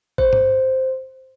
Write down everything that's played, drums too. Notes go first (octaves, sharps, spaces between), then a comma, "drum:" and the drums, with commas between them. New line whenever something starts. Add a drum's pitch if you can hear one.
C5, drum: kick A1
drum: tom G#2